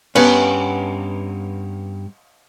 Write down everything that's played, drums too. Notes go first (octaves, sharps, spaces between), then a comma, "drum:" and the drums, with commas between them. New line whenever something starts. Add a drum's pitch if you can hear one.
G2 B3 C#4, drum: cymbal